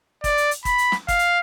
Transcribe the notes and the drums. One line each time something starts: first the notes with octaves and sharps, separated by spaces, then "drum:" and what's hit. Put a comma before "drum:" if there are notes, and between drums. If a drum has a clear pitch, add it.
D5, drum: kick, hi-hat
drum: hi-hat
drum: hi-hat
B5, drum: kick, hi-hat
drum: hi-hat
drum: snare
F5, drum: kick, hi-hat
drum: hi-hat